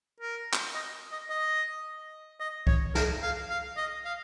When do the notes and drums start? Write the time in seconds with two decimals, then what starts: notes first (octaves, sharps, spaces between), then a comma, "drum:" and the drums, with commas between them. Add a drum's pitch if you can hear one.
0.20 A#4
0.53 drum: clap
0.75 D#5
1.12 D#5
1.30 D#5
2.40 D#5
2.67 C#5, drum: kick C2
2.95 A#4, drum: snare
3.22 F5
3.50 F5
3.77 D#5
4.05 F5